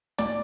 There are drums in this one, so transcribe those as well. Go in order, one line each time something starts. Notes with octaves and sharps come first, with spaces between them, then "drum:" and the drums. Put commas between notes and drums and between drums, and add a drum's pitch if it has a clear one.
D5, drum: snare